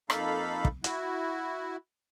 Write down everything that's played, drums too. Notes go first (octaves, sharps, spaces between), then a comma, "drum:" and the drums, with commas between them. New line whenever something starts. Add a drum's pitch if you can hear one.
F2 A#3 D#4 A4 F5 B5, drum: rim click
drum: kick
E4 F#4, drum: hi-hat